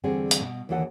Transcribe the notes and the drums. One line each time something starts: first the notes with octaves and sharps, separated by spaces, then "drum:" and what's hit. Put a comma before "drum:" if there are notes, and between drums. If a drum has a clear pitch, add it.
E2 D3 G3 C4 F#4 G#4
drum: hi-hat
B2
D#2 D3 E3 F#4 A4 F#5